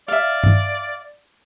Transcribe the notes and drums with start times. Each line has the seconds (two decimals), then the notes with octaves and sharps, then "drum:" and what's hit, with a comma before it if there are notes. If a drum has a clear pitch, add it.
0.08 D5 E5 F5
0.44 drum: tom G2